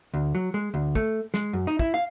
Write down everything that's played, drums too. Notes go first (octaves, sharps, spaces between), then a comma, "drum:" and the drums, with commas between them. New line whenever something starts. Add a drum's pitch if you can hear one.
D2
F#3
G#3
D2
A3, drum: kick
G#3, drum: snare
F#2
D#4
E4, drum: kick
F5